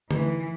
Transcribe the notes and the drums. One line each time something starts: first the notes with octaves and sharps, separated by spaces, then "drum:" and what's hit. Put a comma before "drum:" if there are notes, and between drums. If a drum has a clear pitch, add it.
E3, drum: tom D3